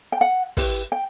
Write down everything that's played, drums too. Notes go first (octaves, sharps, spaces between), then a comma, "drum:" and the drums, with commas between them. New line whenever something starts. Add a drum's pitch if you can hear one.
G5
F#5
E4 G4 B4, drum: kick, open hi-hat
G5